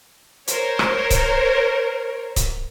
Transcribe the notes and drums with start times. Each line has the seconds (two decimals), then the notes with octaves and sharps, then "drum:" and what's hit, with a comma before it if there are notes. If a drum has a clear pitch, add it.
0.48 A#4 C5 C#5, drum: hi-hat
0.79 drum: rim click
1.11 drum: kick C#1, hi-hat
2.36 drum: kick C#1, hi-hat